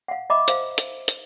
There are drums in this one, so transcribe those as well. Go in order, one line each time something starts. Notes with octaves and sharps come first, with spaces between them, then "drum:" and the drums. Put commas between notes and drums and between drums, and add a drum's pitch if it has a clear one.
F5 F#5
D#5 E5 A#5 B5 D6
C5 F5, drum: hi-hat
drum: hi-hat
drum: hi-hat